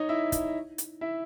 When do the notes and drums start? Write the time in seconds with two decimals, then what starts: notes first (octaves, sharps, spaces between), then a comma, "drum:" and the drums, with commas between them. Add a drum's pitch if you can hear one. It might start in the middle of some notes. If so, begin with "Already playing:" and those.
Already playing: D#4 C#5 D#5
0.09 E4 E5
0.32 drum: kick, hi-hat
0.78 drum: hi-hat
1.01 E4 E5